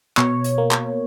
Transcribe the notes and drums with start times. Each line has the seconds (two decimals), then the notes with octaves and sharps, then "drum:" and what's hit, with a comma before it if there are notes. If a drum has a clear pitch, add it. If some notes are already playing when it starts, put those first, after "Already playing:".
0.17 B2 C#5, drum: clap
0.44 drum: hi-hat
0.58 A#3
0.71 drum: clap